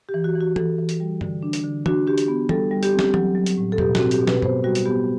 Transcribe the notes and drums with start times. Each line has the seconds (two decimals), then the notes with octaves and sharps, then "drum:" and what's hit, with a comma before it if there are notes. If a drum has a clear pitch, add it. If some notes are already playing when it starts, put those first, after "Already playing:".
0.09 G4
0.14 E3
0.24 F#4
0.35 E3
0.41 F#4
0.56 E3 A4, drum: tom
0.79 E3
0.89 drum: hi-hat
1.00 G3
1.21 D3, drum: tom G2
1.43 D4
1.53 drum: hi-hat
1.64 D3
1.86 D4 F#4, drum: tom
2.07 D4 G4
2.18 drum: hi-hat
2.28 B3
2.49 G3 A4, drum: tom
2.71 G3
2.83 G4, drum: hi-hat
2.93 C4
2.99 G4, drum: snare
3.14 F#3, drum: tom
3.35 F#3
3.46 drum: hi-hat
3.57 A2
3.72 A4
3.78 B2 G4, drum: tom E2
3.95 F#4, drum: snare
4.00 C4
4.11 G4, drum: hi-hat
4.21 B2
4.27 B4, drum: snare
4.42 B3 C5, drum: tom G2
4.64 G3 F#4
4.75 drum: hi-hat
4.85 B3 G4